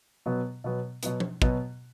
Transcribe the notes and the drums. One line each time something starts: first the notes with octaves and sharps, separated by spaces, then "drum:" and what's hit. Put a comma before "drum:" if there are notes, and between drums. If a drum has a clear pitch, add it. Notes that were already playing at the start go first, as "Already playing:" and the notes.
B2 F#3 B3
B2 F#3 B3
B2 F#3 B3, drum: hi-hat
drum: tom F3
B2 F#3 B3, drum: kick